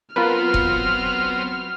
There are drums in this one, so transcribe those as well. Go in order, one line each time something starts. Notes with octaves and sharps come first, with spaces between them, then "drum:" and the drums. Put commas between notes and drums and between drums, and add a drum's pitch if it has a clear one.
F#3 B3 C4 F4 A#4 B4 F6
drum: kick F1